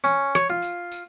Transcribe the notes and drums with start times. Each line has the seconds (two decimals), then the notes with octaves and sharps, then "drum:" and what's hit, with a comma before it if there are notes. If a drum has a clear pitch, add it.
0.04 C#4, drum: tambourine
0.35 C#5, drum: rim click
0.50 F4
0.62 drum: tambourine
0.92 drum: tambourine